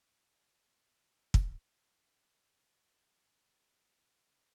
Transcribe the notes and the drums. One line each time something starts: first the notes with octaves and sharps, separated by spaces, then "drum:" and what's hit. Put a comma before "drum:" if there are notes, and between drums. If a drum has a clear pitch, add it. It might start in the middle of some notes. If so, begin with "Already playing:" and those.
Already playing: E3
D#3
drum: kick
A2
G#2
A2
C3
A2
C3
D#3